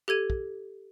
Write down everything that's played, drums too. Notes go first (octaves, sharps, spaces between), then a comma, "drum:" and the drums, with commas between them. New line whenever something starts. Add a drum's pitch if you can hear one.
G4 A4 G#6 D#7
drum: kick